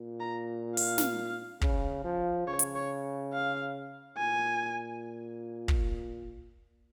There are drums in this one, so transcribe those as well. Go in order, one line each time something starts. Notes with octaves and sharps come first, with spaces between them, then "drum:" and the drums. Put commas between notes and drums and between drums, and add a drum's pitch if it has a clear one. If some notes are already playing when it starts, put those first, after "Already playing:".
Already playing: A#2
A#5
F5, drum: open hi-hat
drum: snare
C#3, drum: kick
F3
C#3 C#5
drum: hi-hat
C#5
F5
A#2 G#5
drum: kick